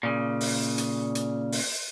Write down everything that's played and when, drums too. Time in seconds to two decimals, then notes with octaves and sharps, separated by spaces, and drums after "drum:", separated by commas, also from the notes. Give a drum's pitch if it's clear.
0.03 A#2 C#3
0.41 drum: open hi-hat
0.78 drum: hi-hat
1.15 drum: hi-hat
1.52 drum: open hi-hat